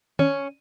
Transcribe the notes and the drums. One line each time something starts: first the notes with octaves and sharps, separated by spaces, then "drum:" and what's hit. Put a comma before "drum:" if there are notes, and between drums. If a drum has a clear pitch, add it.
C#4, drum: tom